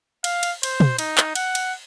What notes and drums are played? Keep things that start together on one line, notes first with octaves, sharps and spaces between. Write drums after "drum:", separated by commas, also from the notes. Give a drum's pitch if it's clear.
F5, drum: cymbal
drum: cymbal
C5, drum: cymbal
drum: tom
D#4, drum: cymbal
drum: clap
F#5, drum: cymbal
drum: cymbal